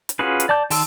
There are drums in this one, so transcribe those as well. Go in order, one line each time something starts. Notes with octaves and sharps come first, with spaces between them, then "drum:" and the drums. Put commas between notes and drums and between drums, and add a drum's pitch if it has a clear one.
drum: hi-hat
C#4 F4 F#4 G#4 B4
drum: hi-hat
D5 A5 D6 G6
D#3 A5 C6 E6, drum: open hi-hat